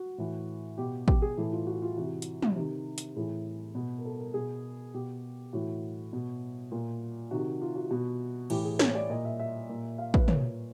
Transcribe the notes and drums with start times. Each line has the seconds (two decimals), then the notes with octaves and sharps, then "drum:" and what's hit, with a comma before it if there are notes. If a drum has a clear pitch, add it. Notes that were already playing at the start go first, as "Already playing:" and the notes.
Already playing: F#4
0.18 A2 E3
0.77 B2 G4
1.08 G4, drum: kick A1
1.22 G#4
1.37 A2 E3 A4
1.53 F4
1.67 F#4
1.82 F4
1.97 C3 E3 F#4
2.22 drum: hi-hat
2.42 drum: tom
2.56 C3 D#3
2.98 drum: hi-hat
3.16 A2 E3 G#4
3.75 B2
3.99 A#4
4.05 A4
4.19 A#4
4.34 B2 G#4
4.94 B2 G4
5.53 A2 E3 F#4
6.13 B2
6.71 A#2 F4
7.31 C3 D#3 F#4
7.62 F4
7.76 F#4
7.91 B2 F#4
8.50 A2 E3 G4, drum: cymbal
8.65 G#4
8.79 C#5, drum: snare
8.89 C#5
8.95 D5
9.10 A#2 D#5
9.25 E5
9.39 E5
9.69 A#2
9.98 F5
10.14 B4, drum: kick A1
10.28 A#2 C#5, drum: tom